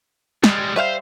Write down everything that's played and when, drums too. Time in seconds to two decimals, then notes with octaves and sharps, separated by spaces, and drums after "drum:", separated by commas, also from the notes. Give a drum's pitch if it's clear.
0.44 G3 G#3, drum: snare
0.76 G3 B4 C5 E5 F5